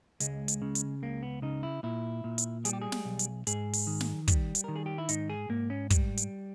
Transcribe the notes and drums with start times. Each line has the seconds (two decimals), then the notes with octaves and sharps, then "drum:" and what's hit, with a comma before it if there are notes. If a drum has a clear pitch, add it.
0.20 C#2 G#3, drum: hi-hat
0.48 drum: hi-hat
0.62 C#3
0.75 drum: hi-hat
1.02 C#2 A#3
1.23 B3
1.42 C#3 D#4
1.63 E4
1.83 A#2 E4
2.24 A#2
2.38 drum: hi-hat
2.65 G3 G#4, drum: hi-hat
2.73 G4
2.82 G#4
2.92 drum: snare
3.05 B1
3.19 drum: hi-hat
3.47 G#2 G#4, drum: hi-hat
3.73 drum: open hi-hat
3.87 D#3
4.01 drum: snare
4.28 G3, drum: kick, hi-hat
4.55 drum: hi-hat
4.64 D#3 A#4
4.76 G#4
4.86 G4
4.98 E4
5.09 G#2 D#4, drum: hi-hat
5.30 G#4
5.49 G#2 A#3
5.70 C#4
5.90 G3, drum: kick, hi-hat
6.17 drum: hi-hat